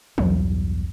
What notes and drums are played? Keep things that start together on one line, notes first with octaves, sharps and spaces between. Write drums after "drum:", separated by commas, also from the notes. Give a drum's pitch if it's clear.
B1 E2 G2 F#3, drum: tom E3